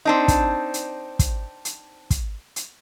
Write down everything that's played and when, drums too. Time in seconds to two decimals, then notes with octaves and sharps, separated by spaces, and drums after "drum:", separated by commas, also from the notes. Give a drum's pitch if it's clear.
0.05 C4 D4 D#4
0.28 drum: kick, hi-hat
0.74 drum: hi-hat
1.19 drum: kick, hi-hat
1.65 drum: hi-hat
2.10 drum: kick, hi-hat
2.56 drum: hi-hat